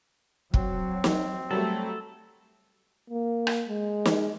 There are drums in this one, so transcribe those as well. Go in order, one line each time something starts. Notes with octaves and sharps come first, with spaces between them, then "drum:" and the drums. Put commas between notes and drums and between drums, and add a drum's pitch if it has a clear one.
F#3 C4, drum: kick
drum: snare
F#3 G3 A3 A4
A#3
drum: rim click
G#3
drum: snare